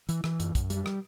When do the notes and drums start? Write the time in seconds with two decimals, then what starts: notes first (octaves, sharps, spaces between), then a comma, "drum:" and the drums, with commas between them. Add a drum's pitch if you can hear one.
0.09 E3, drum: hi-hat
0.24 E3, drum: rim click
0.40 F#2, drum: hi-hat
0.55 F#2, drum: kick, hi-hat
0.70 G3, drum: hi-hat
0.86 drum: rim click